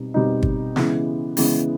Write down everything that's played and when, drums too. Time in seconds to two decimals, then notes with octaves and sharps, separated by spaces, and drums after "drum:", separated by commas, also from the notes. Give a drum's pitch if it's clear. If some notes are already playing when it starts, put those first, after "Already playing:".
Already playing: B2 G3 C4 D#4
0.14 B2 G3 C4 D#4
0.43 drum: kick
0.76 C#3 E3 G#3 B3, drum: snare
1.37 C#3 E3 G#3 B3, drum: open hi-hat